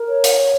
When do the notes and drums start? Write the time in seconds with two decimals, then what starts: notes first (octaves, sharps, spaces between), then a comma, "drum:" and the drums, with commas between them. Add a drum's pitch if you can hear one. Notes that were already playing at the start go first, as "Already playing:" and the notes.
Already playing: A#4
0.09 C#5
0.24 drum: hi-hat